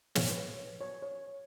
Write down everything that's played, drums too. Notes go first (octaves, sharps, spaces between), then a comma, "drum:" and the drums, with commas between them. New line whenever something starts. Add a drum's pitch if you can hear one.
C#5, drum: snare
C#5
B4
C#5
C#5